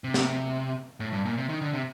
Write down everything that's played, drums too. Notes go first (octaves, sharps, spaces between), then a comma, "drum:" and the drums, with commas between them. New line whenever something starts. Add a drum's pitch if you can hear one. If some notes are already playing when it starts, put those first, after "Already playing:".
C3
drum: snare
A2
G2
A#2
C3
D#3
D3
C3